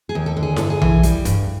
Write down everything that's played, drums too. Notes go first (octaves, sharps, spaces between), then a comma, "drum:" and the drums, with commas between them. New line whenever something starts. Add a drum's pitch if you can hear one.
G#4
D#2
A4
D3
G#4
G2 A4, drum: snare E4
G#4
E3, drum: tom A#1
G3, drum: hi-hat
G2, drum: kick, hi-hat